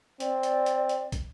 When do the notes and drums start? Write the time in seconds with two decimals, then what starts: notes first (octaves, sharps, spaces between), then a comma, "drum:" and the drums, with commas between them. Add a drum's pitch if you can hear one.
0.20 C4 D5, drum: hi-hat
0.43 drum: hi-hat
0.66 drum: hi-hat
0.89 drum: hi-hat
1.12 drum: kick, hi-hat